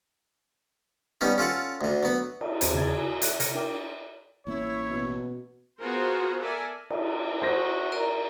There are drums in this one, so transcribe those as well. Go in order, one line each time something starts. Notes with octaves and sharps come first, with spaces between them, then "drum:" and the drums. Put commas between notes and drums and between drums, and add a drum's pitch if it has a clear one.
G3 B3 C#4 D#4
C#4 F4 A4 F#5
D2 D3
F#3 B3
drum: cymbal
D#2 C4 F#4 G#4 C5 B5, drum: hi-hat
E2 C#3 G#4 D5 G#6 A6
E4 F#4 G#5
A4 E5 F#6, drum: hi-hat
C3 F6 A#6 C#7, drum: hi-hat
D4 E4 A#4 E5 G5 D6
A1 A#3 C#4 E4 C#5
B2
B3 F4 F#4 G#4 A#4 C5
A4 A#4 D5 E5 G#5
drum: cymbal
F#4 C5 A#6
A#4 D5 A#5